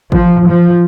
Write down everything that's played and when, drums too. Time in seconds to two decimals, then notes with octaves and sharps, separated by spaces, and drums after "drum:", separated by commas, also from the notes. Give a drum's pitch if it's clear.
0.12 F3, drum: kick G#1
0.46 F3